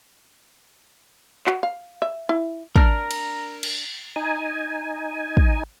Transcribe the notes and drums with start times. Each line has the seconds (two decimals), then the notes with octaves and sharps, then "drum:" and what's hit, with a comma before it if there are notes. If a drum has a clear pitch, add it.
1.47 F#4, drum: clap
1.63 F5
2.02 E5
2.29 E4
2.76 D4 A#4 A#5 F6, drum: kick
3.11 drum: cymbal
3.63 drum: cymbal
4.16 D#4 G#5
5.37 drum: kick